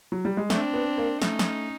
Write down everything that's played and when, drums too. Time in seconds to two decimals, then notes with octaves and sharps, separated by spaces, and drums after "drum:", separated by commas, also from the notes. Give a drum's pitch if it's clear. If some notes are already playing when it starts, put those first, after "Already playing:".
0.12 F#3
0.25 G3
0.37 G#3
0.50 A3 C4 D4, drum: snare
0.74 B3
0.98 A#3
1.22 A3 C#4 D#4, drum: snare
1.39 drum: snare